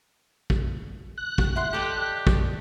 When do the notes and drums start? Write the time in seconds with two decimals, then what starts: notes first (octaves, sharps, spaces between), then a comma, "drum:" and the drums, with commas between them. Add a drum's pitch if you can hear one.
0.50 drum: kick
1.18 F#6
1.38 drum: kick
1.56 E4 F#5 C6
1.73 G4 A4 D5 D#5
1.97 G4
2.27 drum: kick